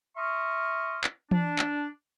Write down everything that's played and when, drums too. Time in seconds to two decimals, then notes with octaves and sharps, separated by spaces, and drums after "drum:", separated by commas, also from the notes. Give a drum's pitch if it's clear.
0.17 E5 A#5 C6 C#6 D#6 F6
1.04 drum: clap
1.31 D4, drum: tom E3
1.59 drum: clap